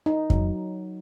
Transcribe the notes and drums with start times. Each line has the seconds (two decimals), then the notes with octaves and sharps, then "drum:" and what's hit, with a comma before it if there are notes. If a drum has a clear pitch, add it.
0.06 D#4
0.30 F#3, drum: kick F2